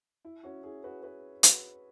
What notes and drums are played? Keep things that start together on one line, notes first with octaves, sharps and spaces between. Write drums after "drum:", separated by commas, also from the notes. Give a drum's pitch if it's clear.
E4
C#4 F#4
E4 G#4
F#4 B4
F#4 B4
F#4 B4, drum: hi-hat